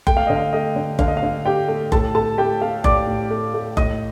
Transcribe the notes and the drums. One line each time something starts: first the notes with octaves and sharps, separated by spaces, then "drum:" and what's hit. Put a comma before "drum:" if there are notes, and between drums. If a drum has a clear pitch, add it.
A3 G5, drum: kick F#1
F5
D3 D#5
F5
A3 D#5
D3
D3 F5, drum: kick F#1
D#5
F5
D3
D3 G4 G5
A3
A2 A4 A5, drum: kick F#1
A3 A4 A5
A3 G4 G5
A3 F5
A2 D5 D6, drum: kick F#1
A2
A3
A3
A2 D#5 D#6, drum: kick F#1